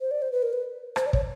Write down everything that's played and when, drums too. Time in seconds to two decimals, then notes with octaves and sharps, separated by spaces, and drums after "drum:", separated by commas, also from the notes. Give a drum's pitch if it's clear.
0.01 C5
0.11 D5
0.22 C5
0.32 B4
0.43 A#4
0.53 B4
0.96 C5, drum: rim click
1.06 D5
1.13 C#5, drum: kick